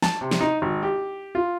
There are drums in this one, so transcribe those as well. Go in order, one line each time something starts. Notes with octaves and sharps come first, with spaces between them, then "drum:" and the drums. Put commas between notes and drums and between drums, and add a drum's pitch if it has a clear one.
A5, drum: snare
C3
drum: snare
D#4
G#1
G4
F4